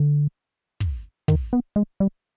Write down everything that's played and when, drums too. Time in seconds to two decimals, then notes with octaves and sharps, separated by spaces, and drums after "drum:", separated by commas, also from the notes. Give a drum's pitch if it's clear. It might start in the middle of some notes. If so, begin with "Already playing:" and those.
Already playing: D3
0.80 drum: kick
1.28 D#3, drum: kick
1.53 B3
1.76 G#3
2.00 G3